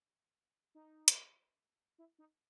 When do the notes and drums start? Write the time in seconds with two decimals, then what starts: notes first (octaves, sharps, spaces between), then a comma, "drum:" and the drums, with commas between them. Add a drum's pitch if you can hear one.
0.75 D#4
1.08 drum: hi-hat
1.98 E4
2.19 D#4